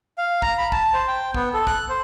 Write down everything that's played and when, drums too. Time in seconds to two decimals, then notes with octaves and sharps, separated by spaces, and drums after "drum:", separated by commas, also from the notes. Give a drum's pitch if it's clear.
0.18 F5
0.42 A#5, drum: kick
0.58 B5
0.72 A5, drum: kick
0.93 C5
1.08 G5
1.34 B3, drum: kick
1.53 A4
1.67 F#6, drum: kick
1.89 C5